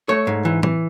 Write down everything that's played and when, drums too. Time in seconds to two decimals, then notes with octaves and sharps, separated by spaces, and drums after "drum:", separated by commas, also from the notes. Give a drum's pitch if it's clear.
0.09 A3 C#5
0.27 G#2
0.45 E3
0.63 E3, drum: tom